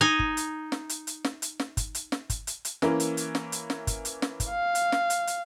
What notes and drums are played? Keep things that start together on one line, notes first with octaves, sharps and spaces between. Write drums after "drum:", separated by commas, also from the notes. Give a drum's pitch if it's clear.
D#4 G#5
drum: kick
drum: hi-hat
drum: snare
drum: hi-hat
drum: hi-hat
drum: snare
drum: hi-hat
drum: snare
drum: kick, hi-hat
drum: hi-hat
drum: snare
drum: kick, hi-hat
drum: hi-hat
drum: hi-hat
E3 A#3 C#4, drum: snare
drum: hi-hat
drum: hi-hat
drum: snare
drum: hi-hat
drum: snare
drum: kick, hi-hat
drum: hi-hat
drum: snare
drum: kick, hi-hat
F5
drum: hi-hat
drum: snare
drum: hi-hat
drum: hi-hat